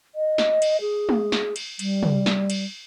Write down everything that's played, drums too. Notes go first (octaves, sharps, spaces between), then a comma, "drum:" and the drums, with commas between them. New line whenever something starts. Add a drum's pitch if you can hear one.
D#5
drum: snare
drum: cymbal
G#4
drum: tom G#3
drum: snare
drum: cymbal
G3, drum: cymbal
drum: tom
drum: snare
drum: cymbal